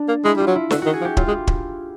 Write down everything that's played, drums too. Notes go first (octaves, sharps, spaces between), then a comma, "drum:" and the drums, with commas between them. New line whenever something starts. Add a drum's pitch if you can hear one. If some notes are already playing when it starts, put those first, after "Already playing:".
Already playing: D4
A#3
G#3 E4
G3 F4
F#3
E4
D3 F#4, drum: snare
D#3 F#4
G#4
F3
G4
F#3 F4, drum: kick
G#3
drum: kick